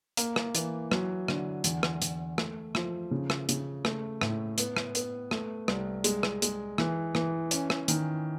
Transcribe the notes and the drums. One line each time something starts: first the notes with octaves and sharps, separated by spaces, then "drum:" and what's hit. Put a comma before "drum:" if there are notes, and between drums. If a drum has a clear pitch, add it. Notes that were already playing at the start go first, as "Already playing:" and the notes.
A#3, drum: hi-hat
drum: rim click
E3, drum: hi-hat
F#3, drum: rim click
D3, drum: rim click
E2, drum: hi-hat
drum: rim click
E2, drum: hi-hat
A3, drum: rim click
F3, drum: rim click
C#3
drum: rim click
C#3, drum: hi-hat
A3, drum: rim click
A2, drum: rim click
B3, drum: hi-hat
drum: rim click
B3, drum: hi-hat
A3, drum: rim click
C2, drum: rim click
G#3, drum: hi-hat
drum: rim click
G#3, drum: hi-hat
E3, drum: rim click
E3, drum: rim click
C#4, drum: hi-hat
drum: rim click
D#3, drum: hi-hat